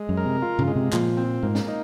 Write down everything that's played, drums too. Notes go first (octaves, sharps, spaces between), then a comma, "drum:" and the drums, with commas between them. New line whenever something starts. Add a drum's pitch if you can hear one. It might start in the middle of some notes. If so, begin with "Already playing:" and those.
Already playing: G#3
F#2
A#4
C3
F4
C#3, drum: tom G2
G#3
C3
A#2 F3, drum: clap
C4
G#2 A#3
drum: snare
D#4